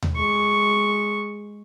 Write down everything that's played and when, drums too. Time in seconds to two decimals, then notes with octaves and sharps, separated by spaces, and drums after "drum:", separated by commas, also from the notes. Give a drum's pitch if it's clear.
0.02 drum: tom D#2
0.16 G#3 C#6